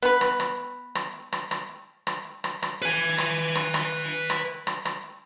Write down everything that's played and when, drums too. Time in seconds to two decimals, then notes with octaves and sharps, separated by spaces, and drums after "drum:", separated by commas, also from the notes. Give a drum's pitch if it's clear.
0.02 B3 B4
0.21 drum: rim click
0.40 drum: rim click
0.95 drum: rim click
1.32 drum: rim click
1.51 drum: rim click
2.07 drum: rim click
2.44 drum: rim click
2.63 drum: rim click
2.82 B4 G#5
3.18 drum: rim click
3.55 drum: rim click
3.74 drum: rim click
4.30 drum: rim click
4.67 drum: rim click
4.85 drum: rim click